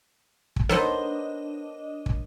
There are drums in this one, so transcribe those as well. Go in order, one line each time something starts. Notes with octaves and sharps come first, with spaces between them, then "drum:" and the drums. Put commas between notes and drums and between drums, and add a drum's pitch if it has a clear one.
drum: kick
B3 D4 D#4 A4 A#4 C5 C#5 D#5, drum: snare
drum: kick